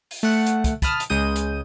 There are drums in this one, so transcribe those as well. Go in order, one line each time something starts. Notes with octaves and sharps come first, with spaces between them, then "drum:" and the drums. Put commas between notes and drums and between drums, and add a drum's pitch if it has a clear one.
drum: open hi-hat
A3 F#5
drum: hi-hat
drum: kick, hi-hat
A5 B5 D#6 F6, drum: kick, hi-hat
drum: hi-hat
C#2 C#3 G#3 D#6 G6 D#7
drum: hi-hat